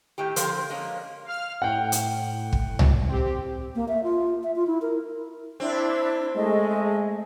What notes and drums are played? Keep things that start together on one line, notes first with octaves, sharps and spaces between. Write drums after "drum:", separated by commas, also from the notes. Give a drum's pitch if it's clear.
A2 D#3 G4
D3 F3 A#4 C5, drum: hi-hat
G#3 A#3 C#4 D4
F5 F6
A2 F#5 G5
drum: hi-hat
drum: kick
drum: tom C2
C4 G4
A#3
E5
F4
E5
F4
E4
A#4
C4 D4 E4
G#3 A3 D#5